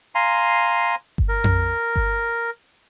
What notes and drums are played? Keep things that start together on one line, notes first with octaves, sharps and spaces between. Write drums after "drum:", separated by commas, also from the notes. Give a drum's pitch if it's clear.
F5 G#5 A#5 C6
drum: kick G1
A#4
drum: tom F2
drum: kick G1